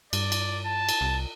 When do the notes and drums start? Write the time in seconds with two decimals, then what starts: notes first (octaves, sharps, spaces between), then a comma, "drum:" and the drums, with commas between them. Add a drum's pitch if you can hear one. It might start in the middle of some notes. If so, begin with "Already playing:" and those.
0.13 G2 D5, drum: cymbal
0.32 drum: cymbal
0.65 A5
0.89 drum: cymbal
1.01 C2